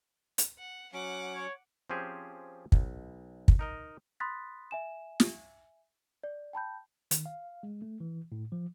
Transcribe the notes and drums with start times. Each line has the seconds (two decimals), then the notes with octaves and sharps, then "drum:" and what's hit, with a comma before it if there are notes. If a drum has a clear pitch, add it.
0.38 drum: hi-hat
0.59 F#5
0.93 F#3 C#4 F#5 D6
1.35 C#5
1.90 F3 C4 C#4 G4 G#4 C5
2.72 B1, drum: kick
3.48 drum: kick
3.59 D#4 A#4 D#5
4.20 B5 C6 D#6 F#6 A6 B6
4.71 E5 G#5 E7
5.20 drum: snare
6.24 D5
6.53 G5 A5 B5 G6
7.11 D#3, drum: hi-hat
7.26 F5
7.63 G#3
7.82 A3
8.00 E3
8.32 A2
8.52 F3